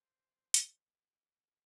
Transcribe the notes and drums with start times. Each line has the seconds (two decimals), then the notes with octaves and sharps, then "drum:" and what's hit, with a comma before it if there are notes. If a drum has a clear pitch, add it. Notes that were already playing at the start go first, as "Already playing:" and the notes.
Already playing: C5
0.54 drum: hi-hat